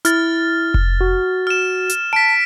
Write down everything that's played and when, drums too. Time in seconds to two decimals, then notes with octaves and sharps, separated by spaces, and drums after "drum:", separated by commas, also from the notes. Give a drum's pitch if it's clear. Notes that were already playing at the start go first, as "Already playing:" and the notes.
0.05 E4 F6 A6, drum: hi-hat
0.74 drum: kick F1
1.01 F#4
1.47 F6 E7
1.89 drum: hi-hat
2.13 A5 B6 D7